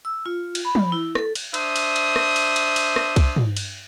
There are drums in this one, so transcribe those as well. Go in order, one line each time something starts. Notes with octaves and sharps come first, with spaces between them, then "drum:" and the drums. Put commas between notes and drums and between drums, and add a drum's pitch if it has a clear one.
E6
F4
drum: cymbal
B5
drum: tom
E4
A4, drum: rim click
drum: cymbal
D4 C5 E5 D#6, drum: cymbal
drum: cymbal
drum: cymbal
drum: rim click
drum: cymbal
drum: cymbal
drum: cymbal
drum: rim click
drum: kick C2, cymbal
drum: tom
drum: cymbal